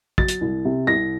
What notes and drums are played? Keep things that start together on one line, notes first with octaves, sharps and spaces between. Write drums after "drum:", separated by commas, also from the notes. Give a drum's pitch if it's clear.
F#3 A6, drum: kick
drum: hi-hat
C2
C3
C2 A#6